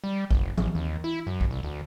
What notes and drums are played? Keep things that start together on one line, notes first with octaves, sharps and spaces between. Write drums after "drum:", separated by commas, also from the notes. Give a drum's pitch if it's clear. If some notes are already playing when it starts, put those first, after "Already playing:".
G3
F#1, drum: kick
A1, drum: tom E3
D#2
E4
F#2
drum: kick
C2
D2